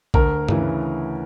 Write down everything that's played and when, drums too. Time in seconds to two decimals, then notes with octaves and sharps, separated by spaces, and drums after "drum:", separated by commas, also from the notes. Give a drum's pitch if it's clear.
0.14 D2 A#4, drum: kick
0.49 C#3 E3, drum: tom G2